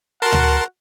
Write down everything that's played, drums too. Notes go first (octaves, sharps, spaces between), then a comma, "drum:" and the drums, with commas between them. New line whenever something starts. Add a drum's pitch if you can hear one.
F#4 A#4 F#5 A5 C6
drum: tom D2